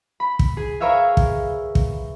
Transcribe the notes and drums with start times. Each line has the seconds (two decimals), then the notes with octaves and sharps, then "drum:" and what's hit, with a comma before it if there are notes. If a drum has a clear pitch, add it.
0.20 B5
0.39 drum: kick
0.57 G#4
0.80 A#4 B4 C#5 E5 F5 G#5
1.17 drum: kick
1.75 drum: kick